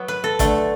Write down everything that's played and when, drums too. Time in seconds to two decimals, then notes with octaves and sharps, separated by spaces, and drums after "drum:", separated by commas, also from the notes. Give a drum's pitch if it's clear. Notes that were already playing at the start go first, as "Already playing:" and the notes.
Already playing: F#3 B3
0.08 B4
0.24 A4
0.39 D3 A3, drum: kick G#1, hi-hat